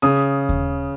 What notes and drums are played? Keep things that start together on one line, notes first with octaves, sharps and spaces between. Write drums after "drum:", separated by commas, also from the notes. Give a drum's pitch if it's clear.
C#3 D#6
drum: kick D#2